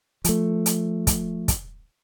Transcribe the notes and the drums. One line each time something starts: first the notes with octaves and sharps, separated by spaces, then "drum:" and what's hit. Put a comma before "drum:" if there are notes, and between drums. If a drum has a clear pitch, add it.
F3 A3, drum: hi-hat
drum: hi-hat
drum: kick, hi-hat
drum: kick, hi-hat